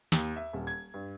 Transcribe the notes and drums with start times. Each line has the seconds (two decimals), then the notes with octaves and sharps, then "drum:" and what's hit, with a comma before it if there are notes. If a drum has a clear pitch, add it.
0.12 D#2, drum: snare
0.36 E5
0.53 D#1
0.67 G#6
0.94 G2